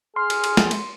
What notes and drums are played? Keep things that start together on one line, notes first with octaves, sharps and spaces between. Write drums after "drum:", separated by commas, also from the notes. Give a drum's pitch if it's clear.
G#4 C6 F6
drum: cymbal
drum: cymbal
drum: snare
drum: cymbal